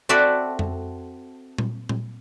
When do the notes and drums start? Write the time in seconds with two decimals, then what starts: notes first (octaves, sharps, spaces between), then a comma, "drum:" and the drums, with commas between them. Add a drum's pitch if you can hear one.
0.09 C4 F#4 A4 D5 E5 B5
0.59 drum: tom F2
1.58 drum: tom A#2
1.89 drum: tom A#2